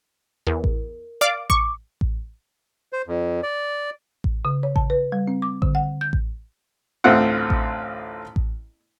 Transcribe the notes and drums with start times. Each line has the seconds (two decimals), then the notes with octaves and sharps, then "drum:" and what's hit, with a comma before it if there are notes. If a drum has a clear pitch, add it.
0.47 E2 A#4
0.64 drum: kick A1
1.21 D5 F5 D6
1.50 C#6 D6, drum: kick A1
2.01 drum: kick A1
2.93 C5
3.07 F2
3.43 D5
4.24 drum: kick A1
4.45 C#3
4.63 C#5
4.76 A5, drum: kick A1
4.90 B4
5.12 G3
5.28 C4
5.42 D6
5.62 D3, drum: kick A1
5.75 F#5
6.01 G6
6.13 drum: kick A1
7.04 A1 D2 A3 C4 F4 F#5
7.50 drum: kick A1
8.36 drum: kick A1